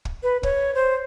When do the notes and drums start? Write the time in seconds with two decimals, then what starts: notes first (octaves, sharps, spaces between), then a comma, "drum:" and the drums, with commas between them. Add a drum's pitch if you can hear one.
0.05 drum: kick
0.23 B4
0.43 C#5, drum: kick
0.75 C5